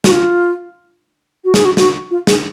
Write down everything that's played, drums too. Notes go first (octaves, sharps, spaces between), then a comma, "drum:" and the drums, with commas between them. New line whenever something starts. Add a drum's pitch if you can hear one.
F#4, drum: snare
F4
F#4
G#4, drum: snare
F#4
F#4, drum: snare
F4
G#4, drum: snare